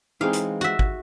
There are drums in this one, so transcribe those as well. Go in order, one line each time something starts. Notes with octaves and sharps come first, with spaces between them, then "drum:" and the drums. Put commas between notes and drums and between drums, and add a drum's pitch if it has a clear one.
E3 G#3 C4 D#4 G#4 F5
drum: hi-hat
F#4 E5
drum: kick